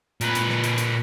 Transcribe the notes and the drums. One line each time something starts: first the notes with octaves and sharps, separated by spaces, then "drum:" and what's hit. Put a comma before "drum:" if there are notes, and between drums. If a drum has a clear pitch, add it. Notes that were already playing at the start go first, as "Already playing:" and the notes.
A#2 B4, drum: hi-hat
drum: hi-hat
drum: snare
drum: hi-hat
drum: hi-hat